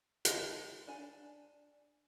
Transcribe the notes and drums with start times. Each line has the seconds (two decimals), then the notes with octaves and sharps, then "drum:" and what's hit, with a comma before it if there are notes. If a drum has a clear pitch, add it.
0.25 D#3, drum: hi-hat
0.87 D4 G#5